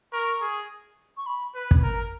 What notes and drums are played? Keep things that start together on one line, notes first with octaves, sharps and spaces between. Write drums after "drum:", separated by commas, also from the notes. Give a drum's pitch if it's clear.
A#4 C#6
G#4
C#6
B5
B4
drum: kick
A#4 A#5